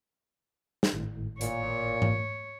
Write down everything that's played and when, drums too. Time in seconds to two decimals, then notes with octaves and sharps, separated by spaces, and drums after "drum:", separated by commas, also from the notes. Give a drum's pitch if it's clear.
0.83 drum: snare
0.93 G#1 A2
1.41 A#2 C#5, drum: hi-hat
2.02 drum: tom G#2